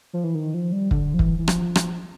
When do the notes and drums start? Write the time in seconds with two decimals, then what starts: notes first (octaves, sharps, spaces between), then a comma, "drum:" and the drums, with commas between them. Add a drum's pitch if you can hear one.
0.13 F3
0.24 E3
0.35 D#3
0.54 F3
0.72 G3
0.91 D3, drum: kick
1.14 F3
1.19 E3, drum: kick
1.39 E3
1.48 F3, drum: rim click
1.75 drum: rim click